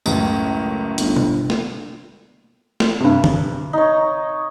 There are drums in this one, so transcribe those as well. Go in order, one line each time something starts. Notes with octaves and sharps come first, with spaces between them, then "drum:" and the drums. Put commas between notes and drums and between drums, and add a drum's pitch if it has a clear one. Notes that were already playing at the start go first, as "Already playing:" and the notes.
C#2 F#2 A2, drum: tambourine
G1, drum: hi-hat
drum: tom B2
drum: snare
drum: snare
G2 C3
drum: tom D3
D#4 C#5